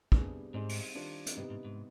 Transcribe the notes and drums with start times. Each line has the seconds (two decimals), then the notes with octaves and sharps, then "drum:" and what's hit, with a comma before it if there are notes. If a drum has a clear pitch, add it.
0.12 C3 G3 B3 D4 G#4, drum: kick
0.54 G#2 G3 C4 D#4 G#4 C5
0.69 drum: open hi-hat
0.95 D#3 G3 D4 F4 C5
1.27 drum: hi-hat
1.37 G2 C3 G3 B3 D#4
1.50 G#2
1.65 G#2